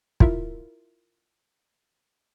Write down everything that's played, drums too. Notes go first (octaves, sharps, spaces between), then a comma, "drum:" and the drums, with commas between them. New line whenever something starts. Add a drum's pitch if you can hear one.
E4 F4 A#4 E5, drum: kick